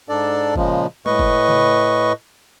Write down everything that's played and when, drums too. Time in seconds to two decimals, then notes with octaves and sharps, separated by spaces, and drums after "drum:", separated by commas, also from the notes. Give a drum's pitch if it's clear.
0.09 G#2 D4 A4 D5
0.56 A#2 C#3 F3 G#3, drum: kick F#1
1.06 A2 B4 D#5 C#6, drum: tom G#3
1.19 drum: kick F#1
1.49 drum: tom C#3